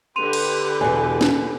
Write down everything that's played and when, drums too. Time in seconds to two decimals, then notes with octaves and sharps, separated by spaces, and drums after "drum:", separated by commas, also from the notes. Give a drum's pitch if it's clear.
0.16 D3 G4 B4 C6 D#7 F7
0.33 drum: cymbal
0.81 E2 B2 G#5
1.21 drum: snare C#4